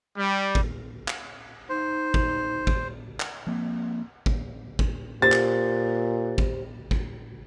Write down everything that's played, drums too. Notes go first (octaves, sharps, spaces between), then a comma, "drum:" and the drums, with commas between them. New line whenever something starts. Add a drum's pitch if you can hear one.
G3
drum: kick G#1
drum: clap
D#4 C5
drum: kick G#1
drum: kick G#1
drum: clap
F3 A#3 C4
drum: kick G#1
drum: kick G#1
A#2 G4 C5 A6
drum: clap
drum: kick G#1
drum: kick G#1